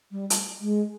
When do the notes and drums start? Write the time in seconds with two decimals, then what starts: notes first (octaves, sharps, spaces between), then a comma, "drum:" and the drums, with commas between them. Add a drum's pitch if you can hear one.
0.11 G3
0.30 drum: hi-hat
0.61 G#3